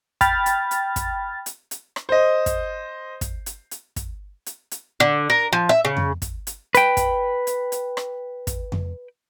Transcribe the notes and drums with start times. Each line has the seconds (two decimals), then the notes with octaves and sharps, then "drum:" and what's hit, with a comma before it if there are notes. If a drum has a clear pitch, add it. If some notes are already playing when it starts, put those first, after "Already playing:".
0.21 G5 B5 F6 A6, drum: kick, hi-hat
0.46 drum: hi-hat
0.71 drum: hi-hat
0.96 drum: kick, hi-hat
1.46 drum: hi-hat
1.71 drum: hi-hat
1.96 drum: rim click
2.09 C5 D#5
2.46 drum: kick, hi-hat
3.21 drum: kick, hi-hat
3.46 drum: hi-hat
3.71 drum: hi-hat
3.96 drum: kick, hi-hat
4.46 drum: hi-hat
4.71 drum: hi-hat
5.00 D3
5.30 A#4
5.53 F3
5.69 E5
5.85 C#3
5.97 drum: tom F2
6.22 drum: kick, hi-hat
6.47 drum: hi-hat
6.75 B4 G5, drum: hi-hat
6.97 drum: kick, hi-hat
7.47 drum: hi-hat
7.72 drum: hi-hat
7.97 drum: rim click
8.47 drum: kick, hi-hat
8.72 drum: tom F2